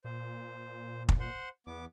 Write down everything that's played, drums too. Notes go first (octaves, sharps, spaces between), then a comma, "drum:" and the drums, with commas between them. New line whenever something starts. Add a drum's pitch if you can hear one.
A#2 C5
drum: kick
C5 F#5 C6
E2 B3 D6